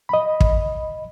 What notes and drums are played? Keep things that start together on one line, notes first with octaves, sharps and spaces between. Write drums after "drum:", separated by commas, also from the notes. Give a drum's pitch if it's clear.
D#5 B5
drum: kick